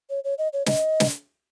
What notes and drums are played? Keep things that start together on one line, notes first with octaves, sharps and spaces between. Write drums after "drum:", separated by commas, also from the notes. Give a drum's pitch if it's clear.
C#5
C#5
D#5
C#5
D#5, drum: snare
drum: snare